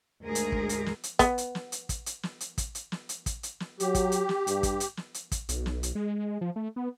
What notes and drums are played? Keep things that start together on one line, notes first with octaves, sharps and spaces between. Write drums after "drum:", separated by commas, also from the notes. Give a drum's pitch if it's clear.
D2 G#2 G#3 G#4 A#4
drum: hi-hat
drum: kick
drum: hi-hat
drum: snare
drum: hi-hat
B3, drum: kick, hi-hat
drum: hi-hat
drum: snare
drum: hi-hat
drum: kick, hi-hat
drum: hi-hat
drum: snare
drum: hi-hat
drum: kick, hi-hat
drum: hi-hat
drum: snare
drum: hi-hat
drum: kick, hi-hat
drum: hi-hat
drum: snare
F#3 G4, drum: hi-hat
drum: kick, hi-hat
drum: hi-hat
drum: snare
G2, drum: hi-hat
drum: kick, hi-hat
drum: hi-hat
drum: snare
drum: hi-hat
drum: kick, hi-hat
B1, drum: hi-hat
drum: snare
drum: hi-hat
G#3
F3
A3
B3